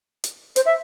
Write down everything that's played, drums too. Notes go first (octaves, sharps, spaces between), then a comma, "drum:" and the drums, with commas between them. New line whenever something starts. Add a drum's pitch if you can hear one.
drum: hi-hat
C5, drum: hi-hat
E5